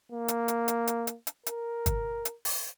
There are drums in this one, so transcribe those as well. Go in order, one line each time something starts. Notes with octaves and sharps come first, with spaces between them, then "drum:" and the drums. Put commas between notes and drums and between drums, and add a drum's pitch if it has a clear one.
A#3
drum: hi-hat
drum: hi-hat
drum: hi-hat
drum: hi-hat
drum: hi-hat
drum: hi-hat
A#4, drum: hi-hat
drum: kick G1, hi-hat
drum: hi-hat
drum: open hi-hat